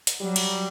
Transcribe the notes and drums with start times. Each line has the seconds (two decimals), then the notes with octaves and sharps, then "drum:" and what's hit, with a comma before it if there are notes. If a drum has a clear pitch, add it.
0.07 drum: hi-hat
0.20 F#3 G3
0.36 drum: cymbal